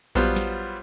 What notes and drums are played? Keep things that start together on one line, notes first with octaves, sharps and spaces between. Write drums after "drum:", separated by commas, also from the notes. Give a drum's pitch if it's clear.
F#3 G3 B3 F4 C5, drum: kick A#1
drum: snare